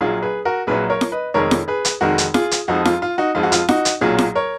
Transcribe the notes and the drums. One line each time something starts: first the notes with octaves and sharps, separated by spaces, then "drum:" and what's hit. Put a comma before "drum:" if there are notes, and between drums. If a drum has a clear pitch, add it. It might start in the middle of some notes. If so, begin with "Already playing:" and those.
A#1 A#2 F#3 F4 G#4
G#4 B4
F#4 A#4
A#1 A#2 F#3 G#4 B4
A#4 C#5
drum: snare
B4 D#5
F1 F2 D#3 G#3 A#4 C#5
drum: snare
G#4 B4
drum: hi-hat
F1 F2 D#3 G#3 F#4 A#4
drum: hi-hat
F4 G#4, drum: snare
drum: hi-hat
F2 F3 G#3 D#4 F#4
F4, drum: snare
F4
D#4 F#4
F2 F3 G#3 F4
F#4
F4, drum: hi-hat
D#4 F#4, drum: snare
drum: hi-hat
B1 A#2 F#3 F4 G#4
drum: snare
A#4 C#5